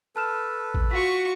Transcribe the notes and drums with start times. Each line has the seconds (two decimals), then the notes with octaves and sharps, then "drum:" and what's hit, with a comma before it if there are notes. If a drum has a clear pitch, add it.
0.16 A4 B4 A5 F6 E7
0.74 drum: kick A1
0.91 F4 F#4 C#6 B6